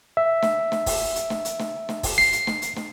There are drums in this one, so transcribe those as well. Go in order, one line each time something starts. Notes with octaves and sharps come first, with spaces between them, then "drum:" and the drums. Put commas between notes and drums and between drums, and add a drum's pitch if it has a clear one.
E5
drum: snare
drum: snare
drum: kick, open hi-hat
drum: hi-hat
drum: snare
drum: hi-hat
drum: snare
drum: snare
drum: kick, open hi-hat
C7
drum: hi-hat
drum: snare
drum: hi-hat
drum: snare